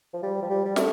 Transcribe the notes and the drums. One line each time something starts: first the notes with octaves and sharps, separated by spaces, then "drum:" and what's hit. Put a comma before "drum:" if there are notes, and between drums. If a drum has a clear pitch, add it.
F3
G3
F3
G3
G3
A3, drum: snare